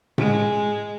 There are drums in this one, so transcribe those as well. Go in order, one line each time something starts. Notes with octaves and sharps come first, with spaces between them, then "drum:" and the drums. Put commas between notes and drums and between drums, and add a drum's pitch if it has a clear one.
G#3, drum: tom A2